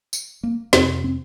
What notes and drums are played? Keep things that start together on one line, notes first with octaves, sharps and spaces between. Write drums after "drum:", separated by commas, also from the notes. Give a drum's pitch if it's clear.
drum: tambourine
A#3
F2 C3 C4, drum: snare
C4